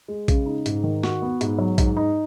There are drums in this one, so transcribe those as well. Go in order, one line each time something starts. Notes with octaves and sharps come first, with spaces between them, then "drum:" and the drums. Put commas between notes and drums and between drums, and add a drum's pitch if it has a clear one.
G#3
C#3, drum: kick A#1, hi-hat
D#4
G#2, drum: hi-hat
D#3
F#4, drum: snare
B3
G#2, drum: hi-hat
F#3
G#2, drum: kick A#1, hi-hat
D#4